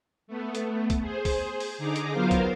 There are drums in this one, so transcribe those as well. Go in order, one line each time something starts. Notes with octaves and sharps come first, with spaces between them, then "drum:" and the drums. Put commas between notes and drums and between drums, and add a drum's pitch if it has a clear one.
A3 B3
drum: hi-hat
drum: kick, hi-hat
G#4 C5
drum: kick, open hi-hat
drum: open hi-hat
D3 D#4 G#4 A#5 D6
drum: hi-hat
F#3 B3 F4 A#4 C5 F5
drum: kick, hi-hat